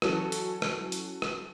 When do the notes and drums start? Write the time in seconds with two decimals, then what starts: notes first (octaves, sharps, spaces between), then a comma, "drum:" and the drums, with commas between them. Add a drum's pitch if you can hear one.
0.02 E3 F#3 C#4 A4, drum: rim click
0.32 drum: hi-hat
0.62 drum: rim click
0.92 drum: hi-hat
1.22 drum: rim click